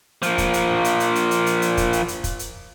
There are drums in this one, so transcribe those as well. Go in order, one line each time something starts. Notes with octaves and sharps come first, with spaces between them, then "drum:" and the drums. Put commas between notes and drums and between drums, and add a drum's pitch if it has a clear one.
F3 A#3, drum: hi-hat
drum: kick, hi-hat
drum: hi-hat
drum: hi-hat
drum: hi-hat
drum: hi-hat
drum: hi-hat
drum: hi-hat
drum: hi-hat
drum: kick, hi-hat
drum: hi-hat
drum: hi-hat
drum: kick, hi-hat
drum: hi-hat